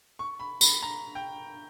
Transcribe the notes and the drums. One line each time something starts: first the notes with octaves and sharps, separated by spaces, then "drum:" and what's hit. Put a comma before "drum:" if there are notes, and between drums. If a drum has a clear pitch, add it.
C#6
B5
B5, drum: tambourine
A#5
G5